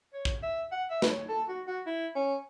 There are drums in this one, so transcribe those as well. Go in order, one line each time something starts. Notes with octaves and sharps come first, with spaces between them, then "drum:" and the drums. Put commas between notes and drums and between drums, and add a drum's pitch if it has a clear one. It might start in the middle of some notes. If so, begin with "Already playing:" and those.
C#5
drum: kick
E5
F#5
E5
B4, drum: snare
C#5
A4
F#4
F#4
E4
C#4